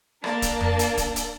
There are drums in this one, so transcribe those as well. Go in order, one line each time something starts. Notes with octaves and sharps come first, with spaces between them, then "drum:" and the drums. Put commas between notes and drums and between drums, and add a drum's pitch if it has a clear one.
A#3 D4 A#4 A5, drum: rim click
drum: kick D1, hi-hat
drum: tom F2
drum: hi-hat
drum: kick D1, hi-hat
drum: hi-hat